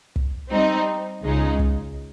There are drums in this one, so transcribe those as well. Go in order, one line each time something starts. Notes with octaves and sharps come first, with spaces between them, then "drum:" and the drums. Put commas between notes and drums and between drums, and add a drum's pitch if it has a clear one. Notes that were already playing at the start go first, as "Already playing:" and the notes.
drum: kick
G3 C4 D#4
C#2 C#3 G#3 D#4
drum: kick